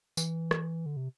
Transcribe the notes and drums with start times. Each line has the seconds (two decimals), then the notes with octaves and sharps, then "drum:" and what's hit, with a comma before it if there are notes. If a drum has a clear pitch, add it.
0.17 E3, drum: tambourine
0.51 drum: rim click
0.86 D3
0.96 C3